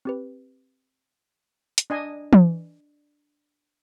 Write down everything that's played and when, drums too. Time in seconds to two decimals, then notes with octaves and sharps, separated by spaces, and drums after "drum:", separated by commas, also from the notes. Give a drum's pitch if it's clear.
0.05 C4 G4 B4
1.78 drum: hi-hat
1.90 D4 D#5 G#5
2.33 drum: tom